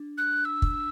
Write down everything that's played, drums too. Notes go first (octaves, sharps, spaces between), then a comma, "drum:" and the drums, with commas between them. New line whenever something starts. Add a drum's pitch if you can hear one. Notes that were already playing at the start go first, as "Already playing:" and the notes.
Already playing: D4
F#6
E6
drum: kick